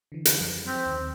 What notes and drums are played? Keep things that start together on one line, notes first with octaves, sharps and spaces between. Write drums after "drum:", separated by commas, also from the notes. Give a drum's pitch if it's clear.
D3 E3
drum: hi-hat
F#2 F3 G3
C4 F6 B6
D#2 D#3